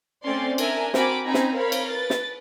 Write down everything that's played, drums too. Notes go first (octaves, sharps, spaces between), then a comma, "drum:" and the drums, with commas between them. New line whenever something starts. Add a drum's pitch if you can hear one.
A3 C4 C#4 D5 C6
D4 A#4 E5 G#5 A#5, drum: cymbal
C4 F#4 A#4 G#5 B5 D6, drum: snare
C4 C#4 D#4 G#5 A#5 B5
drum: snare
A#4 C5 C#5 F5 B5
drum: cymbal
B4 A6
drum: snare